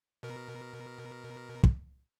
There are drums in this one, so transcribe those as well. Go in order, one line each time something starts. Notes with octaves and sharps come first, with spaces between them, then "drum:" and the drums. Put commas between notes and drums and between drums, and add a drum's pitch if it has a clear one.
B2 A#4
drum: kick